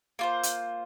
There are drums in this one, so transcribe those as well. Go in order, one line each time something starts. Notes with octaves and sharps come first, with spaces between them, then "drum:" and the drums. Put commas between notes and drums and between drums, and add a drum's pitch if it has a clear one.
A#3 F4 C5
drum: hi-hat